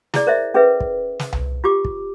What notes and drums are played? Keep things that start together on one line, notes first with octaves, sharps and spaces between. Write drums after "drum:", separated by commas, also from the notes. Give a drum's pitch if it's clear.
E4 G#4 D5, drum: snare
A#4 C5 D#5 E5
C#4 G#4 B4 E5
drum: kick
drum: snare
drum: tom C2
F4 G4 D6
drum: kick